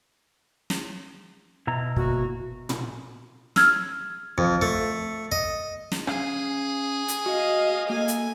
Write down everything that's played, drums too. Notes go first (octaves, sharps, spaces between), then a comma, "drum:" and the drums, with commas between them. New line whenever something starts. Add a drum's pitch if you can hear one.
drum: snare
B2 E4 A#5
G1 A#2 F#4, drum: kick
drum: tom
E6 F6 G#6, drum: snare
F2, drum: kick
A3, drum: kick
D#5, drum: kick
drum: snare
C#4 G#4 F5, drum: rim click
drum: hi-hat
F#4 D#5 F5
A#3 A4 G#5
drum: hi-hat